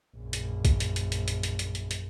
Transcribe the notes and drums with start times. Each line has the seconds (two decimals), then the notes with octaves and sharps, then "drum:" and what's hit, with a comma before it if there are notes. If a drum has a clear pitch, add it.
0.17 A#1 F#2
0.33 drum: hi-hat
0.65 drum: kick A#1, hi-hat
0.80 drum: hi-hat
0.96 drum: hi-hat
1.12 drum: hi-hat
1.28 drum: hi-hat
1.43 drum: hi-hat
1.59 drum: hi-hat
1.75 drum: hi-hat
1.91 drum: hi-hat